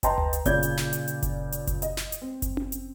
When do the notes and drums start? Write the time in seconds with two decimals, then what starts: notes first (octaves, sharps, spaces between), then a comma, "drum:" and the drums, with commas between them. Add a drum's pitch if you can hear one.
0.03 B4 D#5 G5 A5 A#5 C6, drum: kick F#1, hi-hat
0.18 drum: tom D2
0.33 drum: hi-hat
0.45 A#2 C#3 D5 G6 G#6, drum: kick F#1, hi-hat
0.63 drum: hi-hat
0.78 drum: snare
0.93 drum: hi-hat
1.08 drum: hi-hat
1.23 drum: kick F#1, hi-hat
1.52 drum: hi-hat
1.67 drum: kick F#1, hi-hat
1.82 D#5, drum: hi-hat
1.97 drum: snare
2.12 drum: hi-hat
2.21 C4
2.42 drum: kick F#1, hi-hat
2.57 drum: tom C#4
2.72 drum: hi-hat